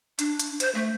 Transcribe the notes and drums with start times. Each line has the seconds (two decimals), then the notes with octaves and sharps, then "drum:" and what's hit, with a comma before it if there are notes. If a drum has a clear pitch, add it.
0.19 D4, drum: hi-hat
0.39 drum: hi-hat
0.60 C5, drum: hi-hat
0.75 A3